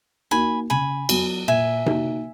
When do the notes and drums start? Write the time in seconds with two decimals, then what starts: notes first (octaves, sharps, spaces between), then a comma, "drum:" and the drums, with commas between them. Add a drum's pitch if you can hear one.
0.31 A#3 D#4 F#4 G#5 B5
0.70 C#3 G#5 B5
1.09 F#3 B3 F#4, drum: cymbal
1.48 A#2 E5 G#5
1.86 A#3 D#4 F#4, drum: tom C3